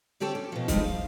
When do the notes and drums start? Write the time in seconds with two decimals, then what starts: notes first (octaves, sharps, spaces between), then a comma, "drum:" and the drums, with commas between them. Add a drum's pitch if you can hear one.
0.20 D3 C4 G4 A4 C#5
0.35 C#4
0.52 B2 F3
0.68 F3 G3 G#3 B3 C4 D#4, drum: kick, hi-hat
0.84 F5